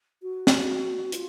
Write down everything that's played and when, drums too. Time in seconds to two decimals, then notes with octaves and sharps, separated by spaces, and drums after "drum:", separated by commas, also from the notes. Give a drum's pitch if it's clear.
0.22 F#4
0.47 drum: snare
1.12 F4, drum: hi-hat